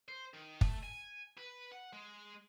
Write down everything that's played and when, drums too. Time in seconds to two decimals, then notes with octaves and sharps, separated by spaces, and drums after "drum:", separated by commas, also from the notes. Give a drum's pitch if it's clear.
0.08 C5
0.33 D#3
0.61 A3, drum: kick
0.83 G#5
1.38 B4
1.72 F#5
1.93 G#3